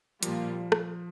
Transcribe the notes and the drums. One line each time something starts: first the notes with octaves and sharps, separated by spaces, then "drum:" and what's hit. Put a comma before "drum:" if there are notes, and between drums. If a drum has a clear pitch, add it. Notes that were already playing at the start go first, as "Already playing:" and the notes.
A#2 F3 G3 A#3 F4, drum: hi-hat
drum: rim click